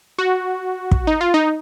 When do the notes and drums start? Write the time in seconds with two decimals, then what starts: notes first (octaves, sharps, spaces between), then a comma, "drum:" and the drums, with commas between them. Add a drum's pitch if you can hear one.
0.19 F#4
0.91 drum: kick
1.07 D#4
1.21 F4
1.34 D#4